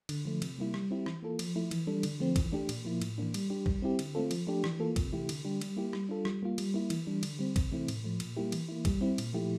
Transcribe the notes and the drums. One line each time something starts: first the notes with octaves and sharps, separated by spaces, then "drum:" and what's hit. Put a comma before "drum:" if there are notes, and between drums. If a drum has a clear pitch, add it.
D3, drum: cymbal
F3 A3
C3, drum: cymbal
G3 A#3 E4
G3, drum: rim click
C4 E4 G4
E3, drum: rim click
A#3 F4 A4
F3, drum: cymbal
A3 E4
E3, drum: cymbal
G3 D4 A4
D3, drum: cymbal
F3 A3 C4
E3, drum: kick, cymbal
A3 D4 G4
A#2, drum: cymbal
F3 A#3 E4
A2, drum: cymbal
E3 A#3 D4
G3, drum: cymbal
D4 G4
G3, drum: kick
C4 E4 G4
D3, drum: cymbal
A3 C4 F4 A4
F3, drum: cymbal
A3 D4 G4
E3, drum: rim click
A#3 F4 A4
C3, drum: kick, cymbal
E3 A3 E4 G4
D3, drum: cymbal
G3 D4 G4
G3, drum: cymbal
A#3 E4 G4
G3, drum: rim click
D4 F4 A4
G3, drum: rim click
A#3 F4
G3, drum: cymbal
A#3 E4
E3, drum: cymbal
G3 D4
D3, drum: cymbal
G3 C4
C3, drum: kick, cymbal
E3 A3 C4 E4
A2, drum: cymbal
F3 A3
A#2, drum: cymbal
G3 A#3 E4 G4
E3, drum: cymbal
A#3 E4
G3, drum: kick, cymbal
C4 E4
A#2, drum: cymbal
F3 A3 E4 G4